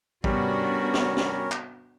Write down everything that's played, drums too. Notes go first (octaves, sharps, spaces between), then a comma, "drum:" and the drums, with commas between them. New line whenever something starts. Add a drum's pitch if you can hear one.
G3 B3 C#4 D4 F#4 A#4, drum: kick
drum: snare
drum: snare
drum: clap